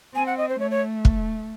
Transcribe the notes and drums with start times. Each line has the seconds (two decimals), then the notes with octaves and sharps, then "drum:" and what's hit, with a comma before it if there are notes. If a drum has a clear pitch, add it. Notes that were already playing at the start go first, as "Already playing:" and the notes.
0.15 C4 G#5
0.27 F#5
0.38 D#5
0.49 C5
0.60 A3 C#5
0.71 C#5
1.05 drum: kick